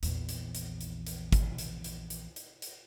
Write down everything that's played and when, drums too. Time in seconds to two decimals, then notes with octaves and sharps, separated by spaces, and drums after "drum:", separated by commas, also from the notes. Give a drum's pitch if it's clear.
0.03 A#1 E2, drum: hi-hat
0.29 drum: hi-hat
0.55 drum: hi-hat
0.81 drum: hi-hat
1.07 drum: hi-hat
1.32 drum: kick, hi-hat
1.58 drum: hi-hat
1.84 drum: hi-hat
2.10 drum: hi-hat
2.36 drum: hi-hat
2.62 drum: hi-hat